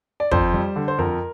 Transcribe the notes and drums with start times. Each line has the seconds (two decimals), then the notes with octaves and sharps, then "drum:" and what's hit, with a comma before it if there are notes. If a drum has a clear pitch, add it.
0.20 D5
0.32 F2 C5, drum: kick
0.54 G3
0.76 D3
0.88 C5
0.98 F2 A#4